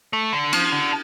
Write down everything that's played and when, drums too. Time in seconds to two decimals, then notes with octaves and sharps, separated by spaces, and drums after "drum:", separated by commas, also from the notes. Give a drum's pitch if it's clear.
0.13 A3
0.33 D3
0.53 F3, drum: cymbal
0.72 D3